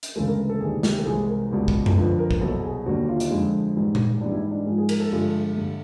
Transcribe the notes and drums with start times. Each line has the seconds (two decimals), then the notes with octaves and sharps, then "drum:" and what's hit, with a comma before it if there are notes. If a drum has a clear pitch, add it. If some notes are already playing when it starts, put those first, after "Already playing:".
0.03 drum: hi-hat
0.16 D2 C#3 E3 G#3 A4
0.27 A#4
0.39 B4
0.49 A4
0.61 D2 C3 D#3 G3 G#4
0.83 G4, drum: snare
0.98 A4
1.06 C2 C3 E3 G#3 G#4
1.29 A#4
1.51 C#2 B2 G3
1.68 drum: kick
1.86 drum: tom F#2
1.96 F2 D3 F3 B4
2.19 A#4
2.31 drum: kick
2.41 C2 B2 F#3 A4
2.63 G#4
2.86 D#2 D3 G3 F#4
3.09 F4
3.20 D#4, drum: hi-hat
3.31 F2 D3 F3 G#3 E4
3.76 G#2 E3 G3
3.95 drum: tom A#2
4.21 G#2 E3 G3 D4
4.32 E4
4.36 D#4
4.51 D4
4.66 G#2 F3 G#3 G4
4.78 G#4
4.89 A#4, drum: cymbal
5.00 A4
5.11 G2 D3 F3 G#3
5.57 G2 D3 G3